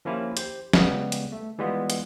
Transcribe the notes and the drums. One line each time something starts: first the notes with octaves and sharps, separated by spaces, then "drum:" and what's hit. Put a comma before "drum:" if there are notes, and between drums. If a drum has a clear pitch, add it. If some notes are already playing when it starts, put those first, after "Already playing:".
F3 A#3 C#4 E4 F4 G4
G4 C5, drum: hi-hat
C#3 G3 G#3 B3 G4, drum: snare
drum: hi-hat
A3
E3 G3 G#3 B3 F4
drum: hi-hat